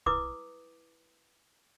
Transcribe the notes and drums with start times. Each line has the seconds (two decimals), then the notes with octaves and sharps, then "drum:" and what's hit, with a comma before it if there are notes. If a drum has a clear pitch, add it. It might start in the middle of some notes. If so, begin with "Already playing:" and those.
0.06 E4 B4 D6 D#6, drum: kick